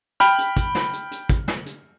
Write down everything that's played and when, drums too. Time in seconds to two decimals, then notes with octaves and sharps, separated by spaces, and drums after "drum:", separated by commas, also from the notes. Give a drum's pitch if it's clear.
0.20 G5 B5 F6, drum: hi-hat
0.38 drum: hi-hat
0.57 drum: kick, hi-hat
0.75 drum: snare
0.93 drum: hi-hat
1.11 drum: hi-hat
1.29 drum: kick, hi-hat
1.48 drum: snare
1.66 drum: hi-hat